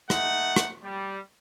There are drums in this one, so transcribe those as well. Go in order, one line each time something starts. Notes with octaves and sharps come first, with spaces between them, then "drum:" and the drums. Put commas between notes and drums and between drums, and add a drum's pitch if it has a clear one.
A3 D#4 F#5, drum: rim click
drum: rim click
G3